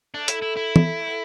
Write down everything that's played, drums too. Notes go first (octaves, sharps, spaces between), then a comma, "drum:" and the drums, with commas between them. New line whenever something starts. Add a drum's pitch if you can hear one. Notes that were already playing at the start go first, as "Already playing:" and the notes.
A3 D4
E4, drum: hi-hat
E4
E4
drum: tom
A3
B3